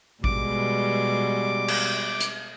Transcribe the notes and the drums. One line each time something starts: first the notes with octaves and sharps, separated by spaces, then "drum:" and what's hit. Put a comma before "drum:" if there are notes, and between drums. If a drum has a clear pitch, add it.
B2 G3 G#3 D6, drum: kick A1
drum: cymbal
drum: hi-hat